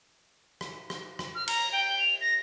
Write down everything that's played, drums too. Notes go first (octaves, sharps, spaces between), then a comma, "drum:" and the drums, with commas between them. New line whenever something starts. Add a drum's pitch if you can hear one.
drum: rim click
drum: rim click
drum: rim click
F6
A#5, drum: cymbal
G5
F7
A#6